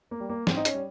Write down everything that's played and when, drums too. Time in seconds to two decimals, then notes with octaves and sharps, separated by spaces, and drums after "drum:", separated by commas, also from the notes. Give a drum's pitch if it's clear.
0.11 A#3
0.20 G3
0.29 A#3
0.47 G#2 C4, drum: snare
0.57 D#4
0.65 C#4, drum: hi-hat
0.74 G3